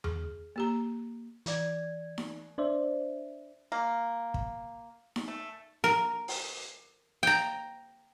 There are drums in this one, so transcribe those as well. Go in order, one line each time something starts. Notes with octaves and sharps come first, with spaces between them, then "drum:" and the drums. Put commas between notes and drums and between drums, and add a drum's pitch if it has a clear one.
G#4, drum: tom E2
A#3 G4 A#5
E3 D5 G#6, drum: hi-hat
drum: snare D#4
D4 C5 D5 E5
A#3
drum: kick
drum: snare D#4
A3
A#4
drum: open hi-hat
G5 A#5